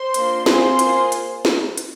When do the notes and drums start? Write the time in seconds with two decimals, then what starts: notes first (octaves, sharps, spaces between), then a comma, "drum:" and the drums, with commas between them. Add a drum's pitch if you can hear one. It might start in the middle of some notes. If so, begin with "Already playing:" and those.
Already playing: C5 C6
0.14 A#3 D4 F4, drum: hi-hat
0.46 C4 F4 G#4 C5 C6, drum: snare
0.79 A#3 F4 G#4, drum: hi-hat
1.12 drum: hi-hat
1.45 drum: snare
1.78 drum: hi-hat